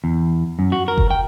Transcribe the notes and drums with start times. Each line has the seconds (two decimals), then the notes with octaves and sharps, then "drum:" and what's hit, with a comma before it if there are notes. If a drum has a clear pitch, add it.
0.04 E2
0.59 F#2
0.72 F#4
0.88 A#4
0.98 drum: kick F#1
1.11 G5